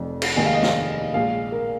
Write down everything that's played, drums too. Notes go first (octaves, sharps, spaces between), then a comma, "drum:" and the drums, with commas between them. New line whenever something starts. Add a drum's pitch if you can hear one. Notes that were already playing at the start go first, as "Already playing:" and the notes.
Already playing: F1 F2 F3
drum: cymbal
F1 D#2 D#3 G#3 G#5
F5
D#5
F5, drum: snare
A#1 A#2 G#3 F5
A#4